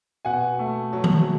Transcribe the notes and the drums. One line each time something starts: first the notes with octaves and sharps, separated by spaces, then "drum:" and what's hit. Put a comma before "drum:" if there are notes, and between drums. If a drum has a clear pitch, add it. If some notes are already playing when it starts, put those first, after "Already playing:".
B2 F#5 G#5
A3
F#3
drum: tom D#3